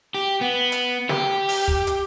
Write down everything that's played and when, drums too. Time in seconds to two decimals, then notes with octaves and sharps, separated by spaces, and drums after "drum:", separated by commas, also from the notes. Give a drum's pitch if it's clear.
0.14 G4
0.41 B3
0.72 drum: hi-hat
1.09 G4, drum: snare
1.49 drum: open hi-hat
1.68 drum: kick
1.87 drum: hi-hat